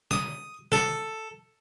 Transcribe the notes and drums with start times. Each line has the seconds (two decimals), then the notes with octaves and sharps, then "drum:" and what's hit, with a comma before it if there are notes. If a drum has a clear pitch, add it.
0.11 D#6, drum: snare
0.72 A4, drum: snare